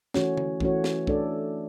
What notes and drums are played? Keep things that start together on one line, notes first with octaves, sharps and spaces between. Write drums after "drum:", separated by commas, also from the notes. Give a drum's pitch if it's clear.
E3 A3 C#4 F#4 C#5, drum: snare
drum: tom D3
E3 A3 C#4 F#4 C#5, drum: kick
drum: snare
A3 D4 A4 D5, drum: kick